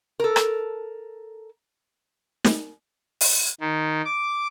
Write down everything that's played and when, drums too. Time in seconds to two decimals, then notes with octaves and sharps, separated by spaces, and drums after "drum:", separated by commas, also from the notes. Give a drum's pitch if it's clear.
0.20 A4 A#4
0.36 drum: rim click
2.44 drum: snare
3.21 drum: open hi-hat
3.61 D#3
4.05 D6